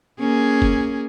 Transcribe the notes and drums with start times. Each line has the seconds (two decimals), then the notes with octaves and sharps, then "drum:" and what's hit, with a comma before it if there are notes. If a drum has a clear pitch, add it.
0.20 A#3 C#4 G#4
0.62 drum: kick